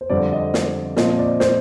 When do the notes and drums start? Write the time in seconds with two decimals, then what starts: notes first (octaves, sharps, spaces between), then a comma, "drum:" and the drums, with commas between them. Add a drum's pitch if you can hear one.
0.01 C5
0.10 F2 D3 G3 C4 D5
0.32 D#5
0.54 D#5, drum: snare
0.97 A#2 F3 C4 D#5, drum: snare
1.18 D5
1.40 C5, drum: snare